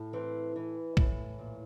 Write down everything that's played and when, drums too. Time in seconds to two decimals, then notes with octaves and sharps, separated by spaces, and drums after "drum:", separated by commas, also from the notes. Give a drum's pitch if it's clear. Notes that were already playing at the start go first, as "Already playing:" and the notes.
Already playing: A2
0.13 E3 C4
0.56 E3
0.97 A2, drum: kick
1.38 A#2